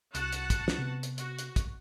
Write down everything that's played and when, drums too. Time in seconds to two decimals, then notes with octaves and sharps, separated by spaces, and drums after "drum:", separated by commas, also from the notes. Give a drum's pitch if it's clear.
0.15 C2 F#4 F#5 A5, drum: hi-hat
0.32 drum: hi-hat
0.50 drum: kick, hi-hat
0.68 drum: snare
0.79 C3 B3
1.03 drum: hi-hat
1.18 F#4, drum: hi-hat
1.39 drum: hi-hat
1.56 drum: kick, hi-hat